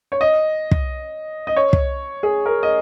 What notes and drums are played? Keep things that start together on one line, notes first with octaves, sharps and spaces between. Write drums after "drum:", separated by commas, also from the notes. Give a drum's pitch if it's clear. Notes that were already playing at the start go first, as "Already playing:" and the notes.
C#5
D#5
drum: kick
D#5
C#5
drum: kick
G#4
A#4
D#5